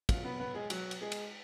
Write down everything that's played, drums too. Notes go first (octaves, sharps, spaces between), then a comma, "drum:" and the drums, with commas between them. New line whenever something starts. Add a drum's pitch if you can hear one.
B2 F#3 F4, drum: kick, cymbal
B3 B4
B3 B4
G#3 G#4
F#3 F#4, drum: cymbal
drum: cymbal
G#3 G#4
drum: cymbal